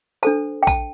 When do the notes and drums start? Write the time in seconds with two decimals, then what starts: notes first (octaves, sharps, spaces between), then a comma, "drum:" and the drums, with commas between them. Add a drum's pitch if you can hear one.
0.23 D4 A4 C5 A5, drum: tambourine
0.63 G5
0.67 A5, drum: kick, tambourine